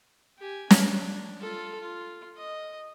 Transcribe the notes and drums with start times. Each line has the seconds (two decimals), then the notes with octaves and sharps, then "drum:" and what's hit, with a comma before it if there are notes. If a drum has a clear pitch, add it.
0.38 G4 G#5
0.70 D4, drum: snare
1.40 F4 A4
1.80 F4
2.37 D#5